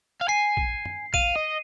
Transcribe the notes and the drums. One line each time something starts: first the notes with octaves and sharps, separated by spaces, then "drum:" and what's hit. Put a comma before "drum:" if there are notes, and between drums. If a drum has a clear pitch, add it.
F5
G#5 C7
drum: kick A#1
drum: tom
F5 D#7, drum: kick A#1
D#5